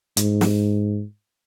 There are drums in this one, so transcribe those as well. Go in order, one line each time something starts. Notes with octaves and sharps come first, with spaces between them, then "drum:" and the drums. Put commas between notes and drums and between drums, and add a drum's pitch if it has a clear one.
G#2, drum: hi-hat
drum: snare